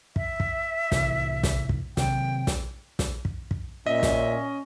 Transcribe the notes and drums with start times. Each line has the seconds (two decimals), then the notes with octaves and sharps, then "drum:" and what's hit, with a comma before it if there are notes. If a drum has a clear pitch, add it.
0.16 E5, drum: kick
0.40 drum: kick
0.92 C2 A2 E3, drum: snare
1.43 drum: snare
1.69 drum: kick
1.97 C3 D#3 F#3 G5, drum: snare
2.47 drum: snare
2.99 drum: snare
3.25 drum: kick
3.51 drum: kick
3.86 A#2 C#4 D#5 E5
4.03 drum: snare